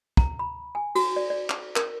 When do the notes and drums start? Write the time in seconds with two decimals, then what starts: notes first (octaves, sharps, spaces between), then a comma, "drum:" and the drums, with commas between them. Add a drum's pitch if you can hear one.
0.17 A#5, drum: kick
0.39 B5
0.75 G#5
0.95 F#4, drum: cymbal
1.16 D5
1.30 D5
1.50 drum: clap
1.76 A#4, drum: clap